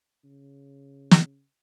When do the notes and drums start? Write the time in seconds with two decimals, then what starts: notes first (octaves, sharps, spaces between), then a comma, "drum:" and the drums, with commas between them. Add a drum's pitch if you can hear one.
0.24 C#3
1.11 drum: snare